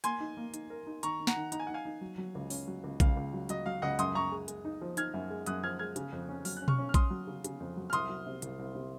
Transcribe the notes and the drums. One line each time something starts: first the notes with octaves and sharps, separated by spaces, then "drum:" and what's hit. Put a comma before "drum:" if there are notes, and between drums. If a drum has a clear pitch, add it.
A#3 G#5 C6, drum: hi-hat
D#4
A#3
D#4, drum: hi-hat
A#4
D#4
D#3 A#5 C#6, drum: hi-hat
D#3
F#5 A#5, drum: snare
D#3
D#4 A#5, drum: hi-hat
G#5
D#4 F#5
F5 G#5
D#4
F#3
F#3
C#2
C#4, drum: open hi-hat
F#3
C#2
C#2 F5, drum: kick A#1, hi-hat
C#2
F#3
F#3 D#5, drum: hi-hat
F#3 F5
C#2 D#5 F#5
F#2 C6 D#6, drum: hi-hat
F#2 A#5 C#6
G#3
G#3, drum: hi-hat
D#4
F3
D#4 F6 G#6, drum: hi-hat
F#2
G#3
F#2 D#6 F#6, drum: hi-hat
F3 F6 G#6
G#3 F6 G#6
C#3, drum: hi-hat
F2
C#4
F#3 F6, drum: open hi-hat
C#4 F#6
C#6 F6, drum: tom B2
C#4
F6
C#4 C6 D#6, drum: kick A#1, hi-hat
F#3
C#3
C#3, drum: hi-hat
F2
F#3
F6
C2 C6 D#6, drum: hi-hat
F#3
C3
C2, drum: hi-hat
C2
C3